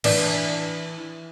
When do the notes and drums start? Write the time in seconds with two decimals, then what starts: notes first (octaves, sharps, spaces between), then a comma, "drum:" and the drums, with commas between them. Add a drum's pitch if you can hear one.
0.04 E3 D4, drum: cymbal